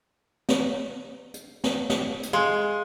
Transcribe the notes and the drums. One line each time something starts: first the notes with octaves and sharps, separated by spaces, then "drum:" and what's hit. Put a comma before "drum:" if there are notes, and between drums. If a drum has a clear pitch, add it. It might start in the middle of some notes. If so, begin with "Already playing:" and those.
drum: snare
drum: hi-hat
drum: snare
drum: snare
drum: hi-hat
G#3 F5 C6